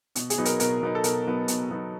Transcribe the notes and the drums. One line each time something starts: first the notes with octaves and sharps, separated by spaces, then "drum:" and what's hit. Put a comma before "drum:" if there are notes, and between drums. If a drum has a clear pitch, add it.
B2, drum: hi-hat
G#4, drum: hi-hat
F#3 B3 D#4
A#4, drum: hi-hat
B2 A#4, drum: hi-hat
F#3 B3 D#4
A4
B2 A#4, drum: hi-hat
F#3 B3 D#4
B2, drum: hi-hat
F#3 B3 D#4